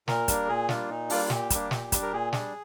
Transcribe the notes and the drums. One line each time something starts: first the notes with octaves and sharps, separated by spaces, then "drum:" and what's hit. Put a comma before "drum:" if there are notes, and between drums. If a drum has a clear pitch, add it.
A#2 A#4, drum: snare
G3 A#3 D4, drum: kick, hi-hat
A#2 G#4
G3 A#3 D4 F4, drum: snare
A#2 D#4
G3 A#3 D4 F4, drum: open hi-hat
F4
A#2 G4, drum: snare
G3 A#3 D4, drum: kick, hi-hat
A#2, drum: snare
G3 D4, drum: kick, hi-hat
A#4
A#2 G#4
G3 D4 G#4, drum: snare